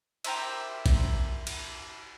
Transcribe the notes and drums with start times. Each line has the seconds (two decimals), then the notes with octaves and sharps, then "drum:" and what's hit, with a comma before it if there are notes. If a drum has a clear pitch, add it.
0.24 G4 A#4 C5 E5, drum: cymbal
0.86 drum: kick A#1, cymbal
1.47 drum: cymbal